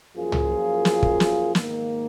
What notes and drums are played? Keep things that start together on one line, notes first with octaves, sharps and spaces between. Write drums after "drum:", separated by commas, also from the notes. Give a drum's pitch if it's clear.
F#2 F3 A#3 F4 G#4
drum: tom
drum: snare
drum: kick
drum: snare
G#2 D#3 A#3, drum: snare